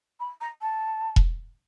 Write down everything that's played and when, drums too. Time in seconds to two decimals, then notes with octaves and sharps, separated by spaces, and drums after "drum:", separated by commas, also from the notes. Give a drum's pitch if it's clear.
0.20 B5
0.41 A#5
0.61 A5
1.16 drum: kick E1